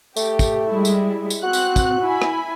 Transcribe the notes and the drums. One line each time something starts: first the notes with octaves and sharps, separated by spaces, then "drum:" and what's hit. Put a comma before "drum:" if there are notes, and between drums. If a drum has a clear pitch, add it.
A3 G4, drum: tambourine
drum: kick, tambourine
G3 G#3 E4
drum: tambourine
drum: tambourine
C4 F#4 F#6
drum: tambourine
drum: kick, tambourine
E4 G#5 B5
drum: rim click